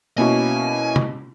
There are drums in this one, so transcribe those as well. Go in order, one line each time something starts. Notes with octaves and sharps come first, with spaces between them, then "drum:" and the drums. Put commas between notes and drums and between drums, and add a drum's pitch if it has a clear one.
B2 A#3 C#4 E4 F#4 G#5
drum: tom C3